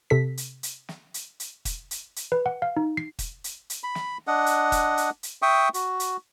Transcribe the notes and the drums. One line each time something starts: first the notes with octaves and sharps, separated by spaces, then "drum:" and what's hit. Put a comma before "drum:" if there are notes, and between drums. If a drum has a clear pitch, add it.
C3 A4 B6
drum: hi-hat
drum: hi-hat
drum: snare
drum: hi-hat
drum: hi-hat
drum: kick, hi-hat
drum: hi-hat
drum: hi-hat
B4
F#5
F5
D#4
C7
drum: kick, hi-hat
drum: hi-hat
drum: hi-hat
B5
drum: snare
D4 D#5 F#5
drum: hi-hat
drum: kick, hi-hat
drum: hi-hat
drum: hi-hat
E5 G5 C#6 D#6
F#4, drum: hi-hat
drum: hi-hat